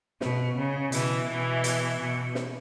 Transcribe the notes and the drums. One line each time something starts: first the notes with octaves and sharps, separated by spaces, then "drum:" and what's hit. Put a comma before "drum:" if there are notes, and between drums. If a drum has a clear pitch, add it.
B2, drum: snare
C#3
B2 E3, drum: hi-hat
B2 E3
drum: hi-hat
B2
drum: snare